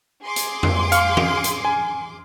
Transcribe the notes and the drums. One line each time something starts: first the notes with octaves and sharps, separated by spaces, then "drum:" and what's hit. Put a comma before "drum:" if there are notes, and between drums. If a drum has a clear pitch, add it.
G#4 C6 D6
drum: hi-hat
drum: tom F2
F5 F6 C#7, drum: hi-hat
drum: tom E3
drum: hi-hat
G#5